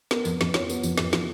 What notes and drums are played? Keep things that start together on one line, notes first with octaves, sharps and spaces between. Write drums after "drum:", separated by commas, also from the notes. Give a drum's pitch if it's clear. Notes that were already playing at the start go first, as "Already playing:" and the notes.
B3 A#4, drum: snare
F2, drum: tambourine
F2, drum: snare
F3 C#5, drum: snare
B3, drum: tambourine
F2, drum: tambourine
F2, drum: snare
F3, drum: snare